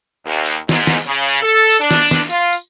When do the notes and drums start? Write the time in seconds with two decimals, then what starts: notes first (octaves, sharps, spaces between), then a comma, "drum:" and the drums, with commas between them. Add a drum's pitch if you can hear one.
0.25 D#2
0.46 drum: tambourine
0.69 G#2, drum: snare
0.87 drum: snare
1.06 C#3, drum: tambourine
1.29 drum: tambourine
1.42 A4
1.70 drum: tambourine
1.80 D4
1.91 drum: snare
2.11 drum: snare
2.30 F4, drum: tambourine
2.53 drum: tambourine